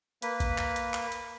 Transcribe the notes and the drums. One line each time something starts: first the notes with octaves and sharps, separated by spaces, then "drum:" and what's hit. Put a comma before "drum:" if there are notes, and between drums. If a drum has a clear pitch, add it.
A#3 B4, drum: hi-hat
drum: kick A1, hi-hat
drum: clap
drum: hi-hat
drum: clap
drum: hi-hat